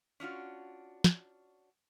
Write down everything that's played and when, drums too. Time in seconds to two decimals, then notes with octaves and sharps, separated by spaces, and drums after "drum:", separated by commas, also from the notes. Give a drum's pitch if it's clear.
0.20 C#4 D4 F4 F#4
1.04 drum: snare